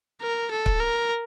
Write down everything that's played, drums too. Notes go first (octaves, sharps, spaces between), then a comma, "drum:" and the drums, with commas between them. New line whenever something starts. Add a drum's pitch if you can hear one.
A#4
A4
drum: kick C#1
A#4